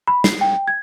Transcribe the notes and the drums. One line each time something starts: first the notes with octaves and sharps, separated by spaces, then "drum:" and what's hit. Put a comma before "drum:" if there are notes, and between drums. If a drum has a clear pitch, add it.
B5
C7, drum: snare
G5
G#6